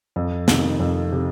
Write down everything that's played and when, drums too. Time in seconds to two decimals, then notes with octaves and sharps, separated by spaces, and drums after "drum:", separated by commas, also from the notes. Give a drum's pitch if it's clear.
0.16 F2
0.48 C3 D#3, drum: snare
0.80 F2
1.12 C3